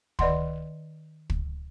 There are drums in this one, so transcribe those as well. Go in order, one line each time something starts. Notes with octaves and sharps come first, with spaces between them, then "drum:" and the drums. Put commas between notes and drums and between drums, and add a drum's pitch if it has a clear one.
D#3 D5 D#5 F#5 C6, drum: kick
drum: kick